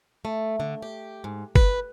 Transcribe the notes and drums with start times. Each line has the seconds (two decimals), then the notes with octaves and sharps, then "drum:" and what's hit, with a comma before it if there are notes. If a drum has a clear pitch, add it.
0.25 A3
0.60 D3
0.82 G4
1.24 G#2
1.55 B4, drum: kick G1